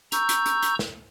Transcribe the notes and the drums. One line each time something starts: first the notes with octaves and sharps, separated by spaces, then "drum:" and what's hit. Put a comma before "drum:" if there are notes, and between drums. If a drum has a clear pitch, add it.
A#5 C#6 E6 G6, drum: hi-hat
drum: hi-hat
drum: hi-hat
drum: hi-hat
drum: snare